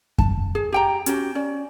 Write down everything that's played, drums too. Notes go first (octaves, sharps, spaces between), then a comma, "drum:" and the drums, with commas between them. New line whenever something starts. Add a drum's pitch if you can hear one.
A5, drum: kick F#2
G#4
G4 G5 A#5
C#4 F#4 G4, drum: hi-hat
C#4 D5